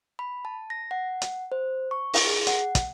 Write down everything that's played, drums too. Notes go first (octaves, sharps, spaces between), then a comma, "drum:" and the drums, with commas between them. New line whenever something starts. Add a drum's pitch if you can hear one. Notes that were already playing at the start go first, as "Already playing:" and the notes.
B5
A5
A#6
F#5
drum: hi-hat
C5
C#6
drum: open hi-hat
G#4
F#5, drum: hi-hat
drum: kick, hi-hat